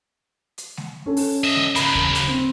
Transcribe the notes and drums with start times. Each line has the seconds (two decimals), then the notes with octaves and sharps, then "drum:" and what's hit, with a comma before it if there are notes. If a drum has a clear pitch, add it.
0.58 drum: hi-hat
0.77 drum: snare G#3
1.06 C#4 A4
1.17 drum: open hi-hat
1.44 D#5 E5
1.56 drum: snare G#3
1.76 C#3 A#3 B5, drum: hi-hat
1.95 drum: kick D#2
2.15 drum: hi-hat
2.27 C4